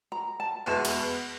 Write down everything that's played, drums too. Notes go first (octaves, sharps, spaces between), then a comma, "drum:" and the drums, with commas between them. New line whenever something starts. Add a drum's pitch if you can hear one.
A#5
A5
E2 B2 G#3 A5
drum: cymbal